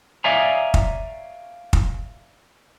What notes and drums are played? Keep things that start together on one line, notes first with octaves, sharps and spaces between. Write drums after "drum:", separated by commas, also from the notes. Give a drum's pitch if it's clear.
C#5 D5 E5 F5 G#5 A#5
drum: kick
drum: kick